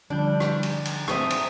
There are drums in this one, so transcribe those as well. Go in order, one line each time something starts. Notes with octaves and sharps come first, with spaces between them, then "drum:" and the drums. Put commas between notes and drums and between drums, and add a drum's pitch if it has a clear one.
D3 F3 G3 D4 G6
drum: rim click
drum: cymbal
drum: cymbal
F2 A3 C4 E5 D#6, drum: rim click
drum: cymbal